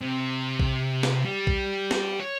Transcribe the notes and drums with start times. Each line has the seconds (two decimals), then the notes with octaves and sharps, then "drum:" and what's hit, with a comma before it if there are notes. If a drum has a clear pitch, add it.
0.01 C3
0.59 drum: kick A#1
1.03 drum: snare
1.25 G3
1.47 drum: kick A#1
1.91 drum: snare
2.20 C#5